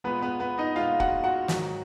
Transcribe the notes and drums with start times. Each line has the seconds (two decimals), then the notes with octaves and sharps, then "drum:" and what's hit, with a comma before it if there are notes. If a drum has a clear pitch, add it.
0.04 A#2 G#3 B3 B4
0.22 B3 B4
0.40 B3 B4
0.58 D#4 D#5
0.75 A#2 G#3 F4 F5
1.00 F#4 F#5, drum: kick
1.24 F#4 F#5
1.48 G#2 D#3 F#3, drum: snare